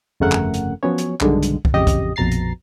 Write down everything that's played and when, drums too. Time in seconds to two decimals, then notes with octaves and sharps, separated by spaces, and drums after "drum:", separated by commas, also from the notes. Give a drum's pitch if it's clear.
0.20 G1 F2 C#3 A3 A#4 F#5
0.32 drum: clap
0.54 drum: hi-hat
0.83 F3 F#3 B3 C#4 C#5
0.98 drum: hi-hat
1.20 B1 G2 B2 D3 D#3 G#3, drum: clap
1.43 drum: hi-hat
1.65 drum: kick
1.74 A1 F2 C#3 G4 D#5
1.87 drum: kick, hi-hat
2.16 A#1 F2 B2 A#5 A6 C7
2.31 drum: hi-hat